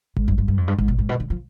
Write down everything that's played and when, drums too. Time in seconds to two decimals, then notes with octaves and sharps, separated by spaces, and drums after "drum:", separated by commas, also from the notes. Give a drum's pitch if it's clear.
0.17 G#2, drum: kick G#1
0.28 G2
0.38 G2
0.48 G2
0.57 F2
0.68 G2
0.78 G#2, drum: kick G#1
0.88 B2
0.98 G#2
1.09 B2
1.20 D3
1.30 F3